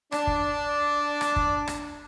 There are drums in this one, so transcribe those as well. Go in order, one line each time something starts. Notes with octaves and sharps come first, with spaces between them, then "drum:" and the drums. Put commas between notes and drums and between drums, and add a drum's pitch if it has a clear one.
D4, drum: rim click
drum: kick
drum: rim click
drum: kick
drum: rim click